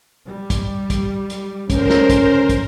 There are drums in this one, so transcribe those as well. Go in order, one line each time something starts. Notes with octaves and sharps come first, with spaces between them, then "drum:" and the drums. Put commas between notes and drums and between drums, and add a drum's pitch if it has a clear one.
G3
drum: kick, hi-hat
drum: kick, hi-hat
drum: hi-hat
C#2 D3 C#4 A#4 C5, drum: kick, hi-hat
drum: snare
drum: kick, hi-hat
drum: kick, hi-hat